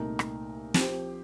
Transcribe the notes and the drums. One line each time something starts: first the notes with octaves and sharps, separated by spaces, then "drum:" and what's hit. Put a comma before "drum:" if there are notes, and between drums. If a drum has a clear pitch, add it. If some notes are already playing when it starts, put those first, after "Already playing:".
Already playing: C2 A#2 A3 D#4 A#4
drum: rim click
F3 C4 G4 C5, drum: snare